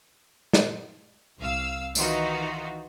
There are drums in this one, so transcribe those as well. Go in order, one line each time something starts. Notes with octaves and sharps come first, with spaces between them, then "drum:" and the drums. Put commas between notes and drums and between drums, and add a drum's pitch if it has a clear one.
drum: snare
C2 F5 E6
D#3 E3 D#4 F4 F#4, drum: tambourine